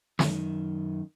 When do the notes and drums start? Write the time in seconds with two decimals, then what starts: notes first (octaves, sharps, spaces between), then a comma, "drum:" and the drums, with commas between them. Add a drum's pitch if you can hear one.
0.19 F#2 D#3, drum: snare